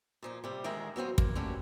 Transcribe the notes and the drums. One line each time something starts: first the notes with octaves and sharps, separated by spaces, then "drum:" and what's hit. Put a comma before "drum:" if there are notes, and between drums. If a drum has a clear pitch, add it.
A#2 F3 D#4
C3 G3
D3 D#3 G#3 G#4 E5 A#5
F#3 B3 C4 F4
A#3, drum: kick
D3 G3 A3 C#4 F#4